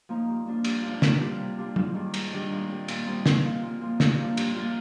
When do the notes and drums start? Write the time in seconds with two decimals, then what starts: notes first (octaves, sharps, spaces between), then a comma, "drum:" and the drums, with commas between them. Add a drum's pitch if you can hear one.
0.09 F3 A#3 D#4
0.28 G2
0.46 F3 A#3 D4 F4
0.64 G2, drum: cymbal
0.83 F3 A#3 D4 F4
1.02 C3, drum: snare
1.21 G3 D4 F4
1.39 C3
1.58 G3 D4 F4
1.76 G#2, drum: tom
1.95 D#3 G3 D4
2.14 G#2, drum: cymbal
2.33 D#3 G3 D4
2.51 A#2
2.69 G3 C4 D#4
2.88 A#2, drum: cymbal
3.07 G3 C4 D#4
3.26 A#2, drum: snare
3.44 F3 A#3 F4
3.62 A#2
3.81 F3 A#3 F4
4.00 G2, drum: snare
4.18 F3 A#3 D4 F4
4.37 G2, drum: cymbal
4.56 F3 A#3 D4 F4